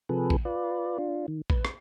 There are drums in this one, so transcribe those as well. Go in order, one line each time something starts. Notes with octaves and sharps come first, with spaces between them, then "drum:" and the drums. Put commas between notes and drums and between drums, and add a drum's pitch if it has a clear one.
C3 F3 G#4 A4 B4
drum: kick A#1
F4 B4 D5
D4 F4
D#3
B4, drum: kick A#1
drum: rim click